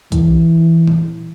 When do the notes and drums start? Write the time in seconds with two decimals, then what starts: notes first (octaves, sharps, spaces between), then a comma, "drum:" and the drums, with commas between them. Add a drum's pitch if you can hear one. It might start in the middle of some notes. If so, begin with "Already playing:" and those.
0.12 E3, drum: kick B1, hi-hat
0.87 drum: tom A#2